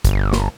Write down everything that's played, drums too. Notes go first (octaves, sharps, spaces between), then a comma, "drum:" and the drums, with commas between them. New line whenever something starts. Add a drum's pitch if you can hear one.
G1, drum: kick, hi-hat
drum: snare